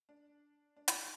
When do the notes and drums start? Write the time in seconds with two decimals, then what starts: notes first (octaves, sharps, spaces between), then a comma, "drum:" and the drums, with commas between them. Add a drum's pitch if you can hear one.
0.09 D4
0.76 D4
0.88 D#4, drum: hi-hat